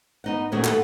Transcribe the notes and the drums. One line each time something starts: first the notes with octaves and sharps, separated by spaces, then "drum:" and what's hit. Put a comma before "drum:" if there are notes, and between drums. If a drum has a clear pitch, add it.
B3 D#4 F#5
A#2 D#3 A3 C#4 F#4 G#4
A4 B4 F#5, drum: clap